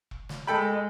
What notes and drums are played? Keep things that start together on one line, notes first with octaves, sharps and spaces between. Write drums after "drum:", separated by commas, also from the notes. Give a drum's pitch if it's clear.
drum: kick E1
drum: snare
G#3 A4 G5 B5